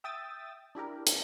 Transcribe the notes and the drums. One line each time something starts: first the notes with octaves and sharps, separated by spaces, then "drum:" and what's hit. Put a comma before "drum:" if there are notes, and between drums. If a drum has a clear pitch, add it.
E5 G5 D#6 E6 A6
D4 E4 G4 A#4
drum: hi-hat